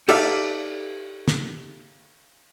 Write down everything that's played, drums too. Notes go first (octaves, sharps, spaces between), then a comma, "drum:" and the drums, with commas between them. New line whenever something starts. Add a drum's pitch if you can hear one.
D#4 G4 A4 D5 E5 F5, drum: cymbal
drum: snare